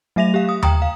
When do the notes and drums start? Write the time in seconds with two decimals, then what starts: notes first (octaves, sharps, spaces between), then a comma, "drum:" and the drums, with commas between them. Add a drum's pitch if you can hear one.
0.16 F#3 A3 E5 A#6 F7
0.34 G4 F5
0.49 D#6
0.63 G5 A#5 D#6, drum: tom D#2
0.82 F5